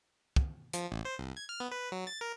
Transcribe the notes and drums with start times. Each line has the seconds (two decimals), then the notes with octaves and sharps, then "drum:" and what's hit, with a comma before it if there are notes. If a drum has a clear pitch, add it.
0.36 drum: kick
0.73 F3, drum: hi-hat
0.92 A1
1.05 C5
1.19 C2
1.37 G#6
1.49 F6
1.60 B3
1.72 B4
1.92 F#3
2.07 A6
2.21 A#4